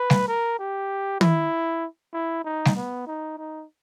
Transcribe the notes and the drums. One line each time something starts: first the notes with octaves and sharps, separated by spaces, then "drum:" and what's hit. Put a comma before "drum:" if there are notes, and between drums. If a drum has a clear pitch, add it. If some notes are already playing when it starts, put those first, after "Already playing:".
Already playing: B4
drum: snare G3
A#4
G4
E4, drum: tom
E4
D#4
drum: snare G3
B3
D#4
D#4